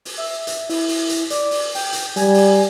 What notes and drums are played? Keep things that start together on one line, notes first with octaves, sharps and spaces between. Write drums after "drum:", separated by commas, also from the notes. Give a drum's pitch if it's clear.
drum: open hi-hat
E5
drum: hi-hat
E4, drum: open hi-hat
drum: open hi-hat
drum: hi-hat
D5, drum: hi-hat
drum: open hi-hat
G5, drum: open hi-hat
drum: hi-hat
G3 G#5, drum: hi-hat
drum: open hi-hat